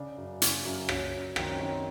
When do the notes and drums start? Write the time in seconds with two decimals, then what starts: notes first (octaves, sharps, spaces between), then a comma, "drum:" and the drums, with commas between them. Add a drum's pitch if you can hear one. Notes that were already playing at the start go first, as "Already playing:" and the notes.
Already playing: C#3 D4
0.17 F#2
0.42 C#3, drum: hi-hat
0.65 F#2
0.89 F#2 C#4, drum: rim click
1.13 F#2
1.36 D#3 C4, drum: rim click
1.49 C#4
1.60 D#3 C#4
1.73 C4